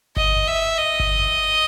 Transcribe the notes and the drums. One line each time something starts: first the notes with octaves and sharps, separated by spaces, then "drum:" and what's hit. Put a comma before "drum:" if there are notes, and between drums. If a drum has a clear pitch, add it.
D#5, drum: kick G1
E5
D#5
drum: kick G1